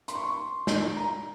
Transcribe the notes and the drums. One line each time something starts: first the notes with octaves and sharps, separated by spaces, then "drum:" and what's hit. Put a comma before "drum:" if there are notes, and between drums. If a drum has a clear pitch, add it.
C6, drum: hi-hat
C#6
C6
drum: snare
A#5